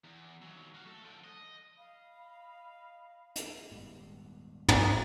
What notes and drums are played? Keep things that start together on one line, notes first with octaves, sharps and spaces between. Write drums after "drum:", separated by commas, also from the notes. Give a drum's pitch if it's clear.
E2
D#2 F#3
F#4 F5
A3 A4
D3 F3
D#5
D#5 F5 B5
drum: hi-hat
D#1 G#2 G3 B3
drum: tom